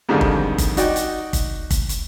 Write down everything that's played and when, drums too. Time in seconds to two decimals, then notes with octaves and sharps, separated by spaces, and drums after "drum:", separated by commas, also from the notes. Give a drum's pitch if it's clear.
0.09 F2 G#2 D3 D#3 G3
0.21 drum: kick
0.58 drum: kick, hi-hat
0.77 D#4 F#4 D5 G5, drum: hi-hat
0.96 drum: hi-hat
1.33 drum: kick, hi-hat
1.71 drum: kick, hi-hat
1.89 drum: hi-hat